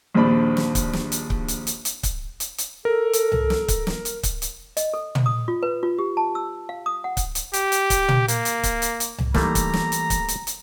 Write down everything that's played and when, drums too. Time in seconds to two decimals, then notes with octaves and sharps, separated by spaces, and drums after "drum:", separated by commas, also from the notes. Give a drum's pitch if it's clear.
0.15 A#1 D#2 C4 D4 B5
0.57 drum: snare
0.75 drum: kick C#1, hi-hat
0.93 drum: snare
1.12 drum: hi-hat
1.30 drum: kick C#1
1.48 drum: hi-hat
1.67 drum: hi-hat
1.85 drum: hi-hat
2.03 drum: kick C#1, hi-hat
2.40 drum: hi-hat
2.58 drum: hi-hat
2.85 A4 A#4
3.13 drum: hi-hat
3.32 drum: tom C2
3.50 drum: snare
3.68 drum: kick C#1, hi-hat
3.87 drum: snare
4.05 drum: hi-hat
4.23 drum: kick C#1, hi-hat
4.42 drum: hi-hat
4.77 D#5, drum: hi-hat
4.94 A4
5.15 drum: tom
5.26 D#6
5.48 F4
5.63 B4
5.83 F4
5.99 G4
6.17 A5
6.35 E6
6.69 F5
6.86 D#6
7.04 F#5
7.17 drum: kick C#1, hi-hat
7.35 drum: hi-hat
7.53 G4, drum: hi-hat
7.72 drum: hi-hat
7.90 drum: kick C#1, hi-hat
8.08 drum: tom
8.28 A#3, drum: hi-hat
8.45 drum: hi-hat
8.63 drum: kick C#1, hi-hat
8.82 drum: hi-hat
9.00 drum: hi-hat
9.18 drum: tom C2
9.34 E3 G3 A3 A#3 D#4 A#5, drum: snare
9.55 drum: kick C#1, hi-hat
9.73 drum: snare
9.92 drum: hi-hat
10.10 drum: kick C#1, hi-hat
10.28 drum: hi-hat
10.47 drum: hi-hat